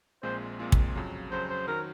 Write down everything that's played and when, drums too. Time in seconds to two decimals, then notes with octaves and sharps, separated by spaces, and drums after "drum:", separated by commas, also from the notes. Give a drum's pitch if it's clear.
0.23 A#1 A#2 G#3 C4 F4 C5
0.59 A#1 A#2 G#3 C4 F4
0.72 drum: kick
0.95 F2 C#3 F#3
1.31 F2 C#3 F#3 C5
1.50 C5
1.68 D#3 F#3 A#4